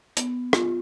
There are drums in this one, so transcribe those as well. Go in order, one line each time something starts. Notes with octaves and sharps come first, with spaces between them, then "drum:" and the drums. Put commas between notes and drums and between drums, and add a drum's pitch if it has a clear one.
B3, drum: hi-hat
F4, drum: rim click